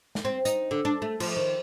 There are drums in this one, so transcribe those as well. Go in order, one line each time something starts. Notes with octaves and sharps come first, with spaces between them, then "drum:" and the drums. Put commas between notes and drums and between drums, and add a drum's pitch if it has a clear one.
drum: snare
C4
D#4, drum: hi-hat
D3
D4
A3
F3, drum: cymbal
D#3